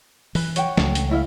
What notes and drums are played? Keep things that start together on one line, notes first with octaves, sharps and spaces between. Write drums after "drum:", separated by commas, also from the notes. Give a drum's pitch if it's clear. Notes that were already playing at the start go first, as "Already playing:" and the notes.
E3 B4, drum: open hi-hat
C#5 F#5 G5, drum: hi-hat
C#2 A3, drum: snare
drum: hi-hat
E4 E5 F5